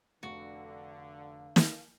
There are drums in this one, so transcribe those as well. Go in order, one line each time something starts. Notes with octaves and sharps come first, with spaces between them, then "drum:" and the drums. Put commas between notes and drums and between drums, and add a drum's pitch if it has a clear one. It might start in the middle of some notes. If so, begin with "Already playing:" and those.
F1 D3 F#4 F5
drum: snare